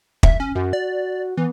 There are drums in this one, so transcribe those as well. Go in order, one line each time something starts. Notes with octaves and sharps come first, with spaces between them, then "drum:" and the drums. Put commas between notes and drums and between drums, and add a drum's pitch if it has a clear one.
E5, drum: kick
C#4
F#2 F#4
D5
E3 B3